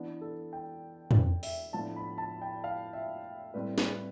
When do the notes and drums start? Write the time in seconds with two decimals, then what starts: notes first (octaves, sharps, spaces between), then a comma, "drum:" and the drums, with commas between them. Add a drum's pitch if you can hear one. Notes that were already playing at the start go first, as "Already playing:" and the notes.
Already playing: E3 B3 D4
0.21 A4
0.53 G5
1.11 drum: tom
1.43 E5, drum: open hi-hat
1.73 A2 F3 B3 D4 A5
1.96 B5
2.18 A5
2.42 G5
2.64 F5
2.93 E5
3.54 A2 G3 C4 B4
3.78 B4, drum: snare